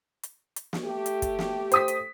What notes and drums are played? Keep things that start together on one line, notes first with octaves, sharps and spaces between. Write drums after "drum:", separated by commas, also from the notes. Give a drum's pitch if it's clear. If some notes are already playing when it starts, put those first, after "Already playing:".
drum: hi-hat
drum: hi-hat
drum: snare
A3 G4
drum: hi-hat
drum: kick, hi-hat
drum: snare
C5 D#6 B6, drum: hi-hat
drum: hi-hat